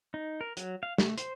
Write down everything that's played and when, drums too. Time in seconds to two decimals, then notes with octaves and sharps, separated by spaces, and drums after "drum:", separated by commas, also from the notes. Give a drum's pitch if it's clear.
0.14 D#4
0.41 A#4
0.57 F#3, drum: hi-hat
0.83 F5
0.98 A3, drum: snare
1.18 C5, drum: hi-hat